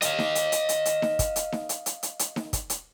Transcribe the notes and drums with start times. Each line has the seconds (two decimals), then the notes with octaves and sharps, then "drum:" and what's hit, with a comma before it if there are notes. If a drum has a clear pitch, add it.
0.02 D#5 F5, drum: hi-hat
0.19 drum: snare D#4
0.35 drum: hi-hat
0.52 drum: hi-hat
0.69 drum: hi-hat
0.85 drum: hi-hat
1.02 drum: snare D#4
1.19 drum: kick, hi-hat
1.36 drum: hi-hat
1.52 drum: snare D#4
1.69 drum: hi-hat
1.86 drum: hi-hat
2.03 drum: hi-hat
2.19 drum: hi-hat
2.36 drum: snare D#4
2.53 drum: kick, hi-hat
2.70 drum: hi-hat